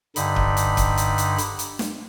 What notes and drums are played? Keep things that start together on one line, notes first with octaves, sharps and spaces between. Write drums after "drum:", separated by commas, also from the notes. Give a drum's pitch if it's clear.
G2 D3 D#4 B5, drum: hi-hat
drum: kick C#1
drum: hi-hat
drum: kick C#1, hi-hat
drum: hi-hat
drum: hi-hat
drum: hi-hat
drum: hi-hat
drum: snare